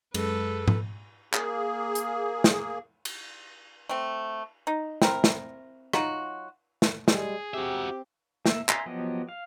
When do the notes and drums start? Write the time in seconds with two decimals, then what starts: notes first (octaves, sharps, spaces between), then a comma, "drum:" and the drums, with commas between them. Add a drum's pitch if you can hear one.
0.14 F#2 G#3 A4 B4, drum: cymbal
0.68 drum: tom G#2
1.34 A#3 G#4, drum: clap
1.95 drum: hi-hat
2.44 drum: snare
3.05 drum: cymbal
3.89 A3 C4
4.67 D#4
5.02 C4 E4 A#4, drum: snare
5.24 drum: snare
5.93 F#3 D#4 F4 F#4, drum: rim click
6.82 drum: snare
7.08 G3 G#3 G#4, drum: snare
7.54 C4 F#4 G4 E5
8.46 A#3 E5, drum: snare
8.69 E5 G#5 A#5 C6, drum: clap
8.86 F3 F#3 B3 G4 D#5
9.29 F5